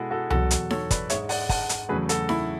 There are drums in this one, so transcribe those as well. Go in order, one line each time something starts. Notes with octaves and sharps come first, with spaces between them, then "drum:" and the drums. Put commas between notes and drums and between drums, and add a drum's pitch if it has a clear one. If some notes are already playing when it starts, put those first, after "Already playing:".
Already playing: B2 G#3 E4 F#4 G#4 A4
F#4 A4
E2 B2 F#3 F#4 A4, drum: tom C2
drum: hi-hat
A4 C#5, drum: snare D#4
B4 D5, drum: kick, hi-hat
G#2 G#3 C#5 E5, drum: hi-hat
D5 F#5, drum: open hi-hat
F#5 A5, drum: kick, open hi-hat
drum: hi-hat
E2 C#3 F#3 A3 G#4 B4
F#4 A4, drum: hi-hat
E4, drum: snare D#4